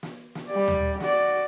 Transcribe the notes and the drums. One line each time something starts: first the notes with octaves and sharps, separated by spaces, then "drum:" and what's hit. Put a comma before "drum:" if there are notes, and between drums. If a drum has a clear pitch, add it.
drum: snare
drum: snare
G3 D5
drum: tom D#2
F#4 D5, drum: snare